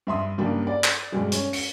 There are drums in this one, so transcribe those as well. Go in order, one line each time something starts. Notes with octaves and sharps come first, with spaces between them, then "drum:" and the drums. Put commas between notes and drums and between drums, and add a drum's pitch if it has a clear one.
G2 E5 C6 D#6
G2 C#3 G3 A#3 D4
D5
drum: clap
G2 B2 G3 G#3
C#4, drum: hi-hat
C#7, drum: open hi-hat